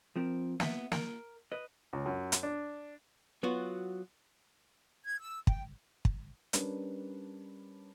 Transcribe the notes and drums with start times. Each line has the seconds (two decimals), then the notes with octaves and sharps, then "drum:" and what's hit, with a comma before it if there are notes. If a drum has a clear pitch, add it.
0.16 F3 C4 A#4
0.60 B3 E5, drum: snare
0.92 A#4, drum: snare
1.52 B4 D#5
1.93 C#2
2.06 F#2
2.32 drum: hi-hat
2.43 D4
3.43 F#3 B3 F4 F#4
5.05 G#6
5.19 E6
5.47 G5, drum: kick
6.05 drum: kick
6.53 G3 C#4 D4 A#4 B4 C#5, drum: hi-hat